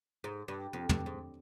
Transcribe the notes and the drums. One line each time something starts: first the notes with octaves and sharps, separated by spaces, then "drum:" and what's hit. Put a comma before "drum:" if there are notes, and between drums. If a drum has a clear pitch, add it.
G#2
G2
F2
G2, drum: tom
G#2